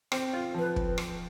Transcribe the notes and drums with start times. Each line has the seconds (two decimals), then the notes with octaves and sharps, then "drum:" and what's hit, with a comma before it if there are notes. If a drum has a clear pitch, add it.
0.12 C4, drum: rim click
0.33 F4
0.54 F3 B4
0.76 drum: kick
0.98 drum: rim click